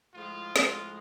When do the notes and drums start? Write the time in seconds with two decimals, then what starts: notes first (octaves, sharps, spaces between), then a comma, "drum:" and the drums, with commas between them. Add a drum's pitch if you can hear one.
0.15 A2 F3 G#3 F4
0.56 drum: snare